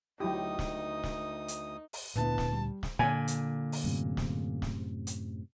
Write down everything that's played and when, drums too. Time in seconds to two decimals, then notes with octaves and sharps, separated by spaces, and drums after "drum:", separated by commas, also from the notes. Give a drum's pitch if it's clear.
0.20 D2 D#3 F#3 D#4 E4 G4 D#6
0.59 drum: snare
1.03 drum: snare
1.48 drum: hi-hat
1.93 drum: open hi-hat
2.16 D2 A#2 B3 D4 E4 B4 A5
2.38 drum: snare
2.53 G3
2.83 drum: snare
2.99 A#2 D3 G#5
3.28 drum: hi-hat
3.72 drum: open hi-hat
3.84 F#2 A2 C3
4.17 drum: snare
4.62 drum: snare
5.07 drum: hi-hat